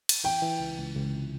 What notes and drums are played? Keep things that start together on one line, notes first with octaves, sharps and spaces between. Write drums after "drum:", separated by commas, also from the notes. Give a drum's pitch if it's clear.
drum: cymbal
E3 G5
E3
C#2
C#2
C#2
C3